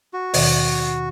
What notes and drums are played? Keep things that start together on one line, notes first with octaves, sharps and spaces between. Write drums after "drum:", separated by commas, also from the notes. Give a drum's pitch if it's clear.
F#4
D#2 B2 D#3, drum: open hi-hat